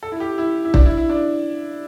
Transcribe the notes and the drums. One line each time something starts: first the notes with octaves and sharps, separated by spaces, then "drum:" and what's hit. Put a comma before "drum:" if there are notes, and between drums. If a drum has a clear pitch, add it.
A4
E4
G4
E4
E4
D4, drum: kick
E4
E4
D4